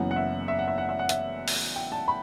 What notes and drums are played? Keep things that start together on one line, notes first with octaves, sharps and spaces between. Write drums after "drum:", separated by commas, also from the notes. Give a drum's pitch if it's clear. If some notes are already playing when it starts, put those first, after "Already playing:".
Already playing: F#1 F#2 E3 B3 F#5
F#5
E5
E5
F#5
E5
F#5
E5
F#5
E5, drum: hi-hat
drum: open hi-hat
G5
A5
B5